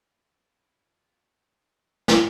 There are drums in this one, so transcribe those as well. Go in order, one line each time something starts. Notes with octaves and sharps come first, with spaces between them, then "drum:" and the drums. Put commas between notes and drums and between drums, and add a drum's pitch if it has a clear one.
F4
E4
F4
F#4
drum: snare